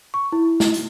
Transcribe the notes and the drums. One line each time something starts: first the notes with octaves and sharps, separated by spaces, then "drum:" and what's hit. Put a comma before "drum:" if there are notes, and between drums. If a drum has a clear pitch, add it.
C#6
E4
drum: snare
drum: hi-hat